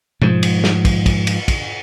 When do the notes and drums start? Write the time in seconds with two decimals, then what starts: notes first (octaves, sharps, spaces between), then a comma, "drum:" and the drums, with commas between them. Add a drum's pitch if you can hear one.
0.22 G#2 F3, drum: tom B2
0.43 drum: cymbal
0.64 drum: snare
0.85 drum: kick, cymbal
1.06 drum: kick, cymbal
1.27 drum: cymbal
1.48 drum: kick, cymbal